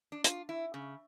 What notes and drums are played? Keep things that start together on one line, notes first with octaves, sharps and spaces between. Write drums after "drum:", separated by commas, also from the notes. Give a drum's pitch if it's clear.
D4
F4, drum: hi-hat
E4
C#3